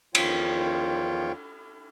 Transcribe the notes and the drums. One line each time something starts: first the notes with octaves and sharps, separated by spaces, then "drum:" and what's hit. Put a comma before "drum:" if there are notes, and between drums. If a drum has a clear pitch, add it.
E2 D#3 F3 F4 C#5 G5, drum: cymbal